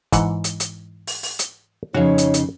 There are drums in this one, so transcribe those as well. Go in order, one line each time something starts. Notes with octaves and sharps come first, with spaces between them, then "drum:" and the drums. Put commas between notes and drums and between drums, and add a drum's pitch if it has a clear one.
G#2 E3 F#5, drum: kick, hi-hat
drum: hi-hat
drum: hi-hat
drum: open hi-hat
drum: open hi-hat
drum: hi-hat
F2 C#3 D#4 F#4 C#5 F5
drum: hi-hat
drum: hi-hat